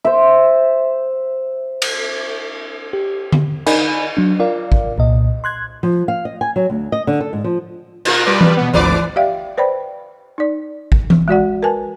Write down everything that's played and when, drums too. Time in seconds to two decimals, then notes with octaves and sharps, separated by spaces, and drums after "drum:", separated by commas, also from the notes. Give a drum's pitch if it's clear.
0.05 C5 E5
1.82 drum: cymbal
2.93 G4
3.32 drum: tom D3
3.66 D#4 A#4 D5 D#5 G#5 B5, drum: cymbal
4.17 F#3 D4
4.40 F4 A#4 D5 F5
4.72 drum: kick
4.98 C2 A#2 D#5
5.44 C6 F#6 G#6
5.83 F3
6.08 F5
6.25 D#5
6.41 G#5
6.56 F#3
6.70 D2
6.92 D#5
7.07 D3
7.20 A4
7.33 G#2
7.44 F3
8.05 B2 F4 A#4 F#6 A6, drum: cymbal
8.26 G3 B4 D5
8.41 drum: tom E3
8.57 B2 B3
8.73 G#1 D2 E3 B4 D5 D6
9.16 G4 D5 E5 F5 G5
9.57 B4 C5 D5 G5 B5
10.38 D#4 D5
10.92 drum: kick
11.10 drum: tom E3
11.28 G#3 F#4 D5 F#5
11.63 A#4 B4 G#5 A5